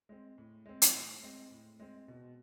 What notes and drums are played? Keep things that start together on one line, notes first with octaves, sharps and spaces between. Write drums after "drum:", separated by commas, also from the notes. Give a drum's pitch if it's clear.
G#3 C4
A2
G#3 C4
drum: hi-hat
A2
G#3 C4
A2
G#3 C4
B2